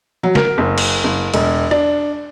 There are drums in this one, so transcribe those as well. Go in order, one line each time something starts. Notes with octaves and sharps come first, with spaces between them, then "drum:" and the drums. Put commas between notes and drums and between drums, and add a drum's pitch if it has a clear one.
F#3
A#4, drum: snare
F#1
drum: cymbal
F#1
E1, drum: cymbal
D4, drum: rim click